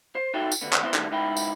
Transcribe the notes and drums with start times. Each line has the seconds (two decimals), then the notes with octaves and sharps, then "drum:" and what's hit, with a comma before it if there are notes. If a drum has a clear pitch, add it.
0.15 C5
0.34 D#4 F#4 A4 C#5 E5 G5
0.52 drum: tambourine
0.61 D#2 D3 B3
0.73 drum: clap
0.83 B3 C4 E4 C5
0.94 D2 D3 D#3 G3, drum: clap
1.11 C#2 G#2 B3 D#4 E4 G5
1.37 drum: tambourine